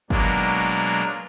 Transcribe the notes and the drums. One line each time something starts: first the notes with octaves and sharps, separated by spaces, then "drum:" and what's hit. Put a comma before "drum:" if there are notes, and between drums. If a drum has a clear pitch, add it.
B2 F#3 G#3 A#3 D4, drum: kick G1